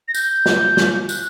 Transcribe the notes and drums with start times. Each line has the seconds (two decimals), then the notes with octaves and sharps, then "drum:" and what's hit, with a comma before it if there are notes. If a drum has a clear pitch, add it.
0.08 A#6
0.14 G6, drum: tambourine
0.46 drum: snare
0.77 drum: snare
1.09 F#6, drum: tambourine